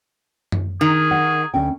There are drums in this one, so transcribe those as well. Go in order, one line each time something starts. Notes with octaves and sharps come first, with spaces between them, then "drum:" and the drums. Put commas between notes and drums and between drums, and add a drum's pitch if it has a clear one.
drum: tom F#2
D#3 G#4
F#5
D2 C#4 G5